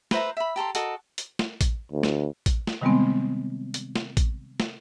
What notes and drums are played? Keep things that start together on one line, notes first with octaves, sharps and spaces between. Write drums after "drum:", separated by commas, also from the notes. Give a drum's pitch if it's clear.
B4 C5 E5 A#5, drum: snare
E5 B5
G4 A4 A#5 C6
F#4 A4 A#4 D#5, drum: hi-hat
drum: hi-hat
drum: snare
drum: kick A1, hi-hat
D2
drum: snare
drum: kick A1, hi-hat
drum: snare
C3 D#3 G3 G#3 B3 C4
drum: hi-hat
drum: snare
drum: kick A1, hi-hat
drum: snare